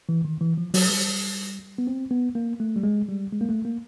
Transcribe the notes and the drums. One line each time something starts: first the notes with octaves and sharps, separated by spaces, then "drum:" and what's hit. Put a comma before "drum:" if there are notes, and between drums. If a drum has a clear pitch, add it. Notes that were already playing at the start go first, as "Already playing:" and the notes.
E3
D#3
E3
F3
F#3, drum: open hi-hat
G3
B3
C4
B3
A#3
A3
G3
G#3
G3
G#3
A#3
A3
A#3